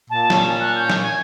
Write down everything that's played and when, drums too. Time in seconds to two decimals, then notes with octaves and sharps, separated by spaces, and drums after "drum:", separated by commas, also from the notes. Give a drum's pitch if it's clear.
0.10 A#2 A5
0.30 C#4, drum: snare
0.60 F#6
0.76 G6
0.90 drum: snare
1.04 G#5 G#6